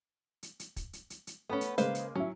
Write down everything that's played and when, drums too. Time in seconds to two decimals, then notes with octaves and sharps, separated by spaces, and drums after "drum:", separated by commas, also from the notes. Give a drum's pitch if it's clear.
0.43 drum: hi-hat
0.60 drum: hi-hat
0.76 drum: kick, hi-hat
0.93 drum: hi-hat
1.10 drum: hi-hat
1.27 drum: hi-hat
1.49 A3 B3 C#4 B5
1.61 drum: hi-hat
1.78 C#3 G#3 A#3 B4 C5 F5, drum: hi-hat
1.95 drum: hi-hat
2.15 F#3 C#4 E4